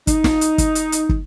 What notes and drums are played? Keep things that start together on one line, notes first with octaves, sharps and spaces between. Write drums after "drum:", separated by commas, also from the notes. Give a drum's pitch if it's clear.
D#4, drum: kick, hi-hat
drum: snare
drum: hi-hat
drum: kick, hi-hat
drum: hi-hat
drum: hi-hat
drum: kick